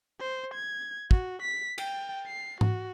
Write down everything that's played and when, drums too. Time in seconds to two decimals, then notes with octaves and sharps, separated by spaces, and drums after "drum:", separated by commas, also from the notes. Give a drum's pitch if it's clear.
0.20 C5
0.54 G#6
1.11 F#4, drum: kick
1.42 B6
1.78 G5, drum: cymbal
2.26 C7
2.61 F#4, drum: tom G#2